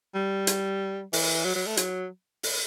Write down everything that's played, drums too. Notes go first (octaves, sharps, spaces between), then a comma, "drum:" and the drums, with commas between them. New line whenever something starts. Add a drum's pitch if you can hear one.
G3
drum: hi-hat
E3, drum: open hi-hat
F#3
F#3
A3
F#3, drum: hi-hat
drum: open hi-hat